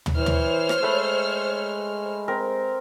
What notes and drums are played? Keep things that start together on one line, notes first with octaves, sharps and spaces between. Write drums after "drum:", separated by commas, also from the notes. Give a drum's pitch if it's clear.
drum: tom
E3 C5 C#5 F6
drum: tom
drum: rim click
G#3 A3 B4
C4 A#4